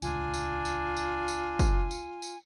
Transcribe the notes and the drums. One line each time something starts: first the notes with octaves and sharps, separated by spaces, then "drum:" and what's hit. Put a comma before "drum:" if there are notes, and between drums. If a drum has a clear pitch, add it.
D#1 G#1 C#2 D4 F4 G#5, drum: tambourine
drum: tambourine
drum: tambourine
drum: tambourine
drum: tambourine
drum: kick, tambourine
drum: tambourine
drum: tambourine